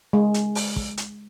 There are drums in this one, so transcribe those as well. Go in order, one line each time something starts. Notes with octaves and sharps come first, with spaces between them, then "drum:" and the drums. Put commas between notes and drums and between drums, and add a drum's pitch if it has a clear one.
G#3
drum: hi-hat
drum: open hi-hat
drum: kick
drum: hi-hat